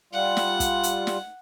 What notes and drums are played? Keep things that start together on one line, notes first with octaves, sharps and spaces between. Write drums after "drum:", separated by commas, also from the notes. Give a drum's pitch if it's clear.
G3 F4 F#5
drum: snare
drum: kick, hi-hat
drum: hi-hat
drum: snare